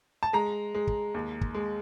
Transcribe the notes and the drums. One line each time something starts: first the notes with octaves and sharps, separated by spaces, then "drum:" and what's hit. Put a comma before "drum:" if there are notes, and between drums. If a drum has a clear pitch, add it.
A5
G#3 A#5
G#3
drum: kick
D#2
drum: kick
G#3